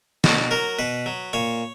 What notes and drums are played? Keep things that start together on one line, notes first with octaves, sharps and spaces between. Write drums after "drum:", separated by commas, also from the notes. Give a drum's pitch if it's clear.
B2 F#4, drum: snare
F#3 A#4
B2 B4
F#3
A#2 C#5